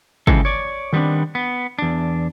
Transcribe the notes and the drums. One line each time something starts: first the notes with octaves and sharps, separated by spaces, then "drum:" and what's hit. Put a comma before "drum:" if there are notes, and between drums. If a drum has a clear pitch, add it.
C#2 C#3 E3 G#3 C4 A4, drum: kick
C#5 D5
D#3 G3 B3 C4 D4
B3
E2 D4